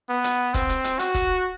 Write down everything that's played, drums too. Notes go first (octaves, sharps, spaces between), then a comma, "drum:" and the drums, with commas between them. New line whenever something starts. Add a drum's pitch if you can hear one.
B3
drum: hi-hat
C4, drum: kick, hi-hat
drum: hi-hat
drum: hi-hat
F#4, drum: hi-hat
drum: kick, hi-hat